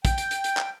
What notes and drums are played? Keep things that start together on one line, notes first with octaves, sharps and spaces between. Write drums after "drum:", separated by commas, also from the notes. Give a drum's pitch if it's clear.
G5, drum: kick, hi-hat
drum: hi-hat
drum: hi-hat
drum: hi-hat
drum: clap